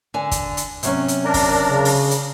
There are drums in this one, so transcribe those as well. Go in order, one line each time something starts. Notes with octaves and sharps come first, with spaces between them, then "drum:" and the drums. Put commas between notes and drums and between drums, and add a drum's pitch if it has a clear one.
D3 G#5
drum: kick, hi-hat
drum: hi-hat
C3 F#3 C#4, drum: hi-hat
drum: hi-hat
D4 A#4
drum: kick, open hi-hat
C#3
drum: open hi-hat
drum: hi-hat